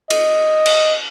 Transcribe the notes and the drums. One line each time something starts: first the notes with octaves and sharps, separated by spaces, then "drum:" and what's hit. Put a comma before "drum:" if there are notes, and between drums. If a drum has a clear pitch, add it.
D#5, drum: cymbal
drum: cymbal